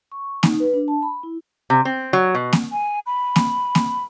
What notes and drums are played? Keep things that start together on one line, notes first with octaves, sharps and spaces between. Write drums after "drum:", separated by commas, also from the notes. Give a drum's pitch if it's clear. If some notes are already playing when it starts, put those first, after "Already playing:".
C#6
D#4, drum: snare A#3
B4
D4
A5
B5
E4
C3
C4
F#3
B2
drum: snare A#3
G#5
B5
drum: snare A#3
drum: snare A#3